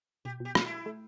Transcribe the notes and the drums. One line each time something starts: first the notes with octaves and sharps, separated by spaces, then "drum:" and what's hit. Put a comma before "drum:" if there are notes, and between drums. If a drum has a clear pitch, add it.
B2 G4
B2 G4
B2 F4, drum: rim click
E4
A3